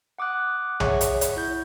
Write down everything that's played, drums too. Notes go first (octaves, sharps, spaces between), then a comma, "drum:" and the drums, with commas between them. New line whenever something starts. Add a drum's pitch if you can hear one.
F#5 D6 D#6 F#6
G#4 C#5 E5 F#5 C#6, drum: tom B1
drum: hi-hat
drum: hi-hat
E4 G6